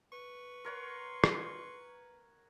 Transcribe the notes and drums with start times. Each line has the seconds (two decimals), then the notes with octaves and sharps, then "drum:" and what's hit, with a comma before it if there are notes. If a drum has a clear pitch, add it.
0.13 B4 C#6
0.65 A#4 C#5 F#5 C6
1.24 drum: rim click